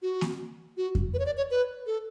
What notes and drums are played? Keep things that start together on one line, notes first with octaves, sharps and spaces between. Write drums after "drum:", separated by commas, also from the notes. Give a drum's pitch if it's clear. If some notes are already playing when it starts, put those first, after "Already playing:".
F#4
drum: snare A#3
F#4
drum: kick F2
B4
C#5
D5
C#5
B4
A4